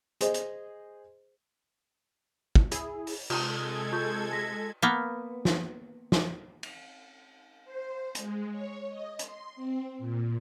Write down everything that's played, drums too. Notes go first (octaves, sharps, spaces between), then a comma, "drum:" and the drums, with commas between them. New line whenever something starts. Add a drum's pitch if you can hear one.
G#4 C5 D#5, drum: hi-hat
drum: hi-hat
drum: kick
E4 G#4, drum: hi-hat
drum: open hi-hat
C3 G#3 F4 A4 A5 A#5 G#6, drum: cymbal
F4 C#6 G6
A#6 B6
A#3 B3
drum: snare
drum: snare
drum: cymbal
C5
G#3, drum: hi-hat
C#5
D#5
C6, drum: hi-hat
C4
A#2